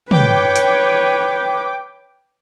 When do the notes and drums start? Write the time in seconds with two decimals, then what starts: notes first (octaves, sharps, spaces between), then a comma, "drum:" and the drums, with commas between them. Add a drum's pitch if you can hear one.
0.11 B4 C#5 G5 D6, drum: tom
0.56 drum: hi-hat